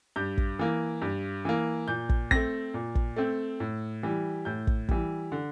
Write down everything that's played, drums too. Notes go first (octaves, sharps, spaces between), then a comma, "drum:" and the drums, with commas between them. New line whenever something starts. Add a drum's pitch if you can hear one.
G2 G6
drum: kick
E3 A#3
G2
E3 A#3
A#2 G6
drum: kick
A3 C4 A#6, drum: kick
A#2
drum: kick
A3 C4
A2
E3 G3
A2 G6
drum: kick
E3 G3, drum: kick
D3